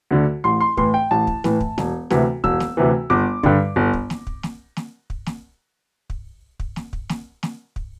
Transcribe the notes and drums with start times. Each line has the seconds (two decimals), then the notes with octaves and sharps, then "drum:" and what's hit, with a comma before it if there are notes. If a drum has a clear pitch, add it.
0.11 D2 D3
0.44 A1 C6
0.61 C6
0.77 A2 E3 C6, drum: kick
0.94 G5
1.11 A1 A5
1.27 drum: kick
1.44 A2 E3, drum: snare
1.60 drum: kick
1.78 E1, drum: snare
2.10 D2 C3 E3, drum: snare
2.44 E1 E6, drum: kick
2.60 drum: snare
2.77 D2 C3 E3
3.10 G1 D6
3.43 G2 D3, drum: kick
3.76 G1
3.93 drum: kick
4.10 drum: snare
4.27 drum: kick
4.43 drum: snare
4.77 drum: snare
5.10 drum: kick
5.26 drum: snare
6.10 drum: kick
6.60 drum: kick
6.76 drum: snare
6.93 drum: kick
7.09 drum: snare
7.43 drum: snare
7.76 drum: kick